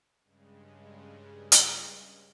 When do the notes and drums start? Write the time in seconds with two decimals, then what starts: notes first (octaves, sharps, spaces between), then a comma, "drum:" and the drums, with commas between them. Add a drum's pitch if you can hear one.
0.22 G2 C#3 G#3
1.52 drum: hi-hat